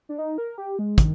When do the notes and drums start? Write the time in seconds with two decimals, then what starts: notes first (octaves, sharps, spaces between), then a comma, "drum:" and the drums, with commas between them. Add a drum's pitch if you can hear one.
0.09 D4
0.18 D#4
0.38 A#4
0.58 G4
0.79 G#3
0.98 D#3, drum: kick, hi-hat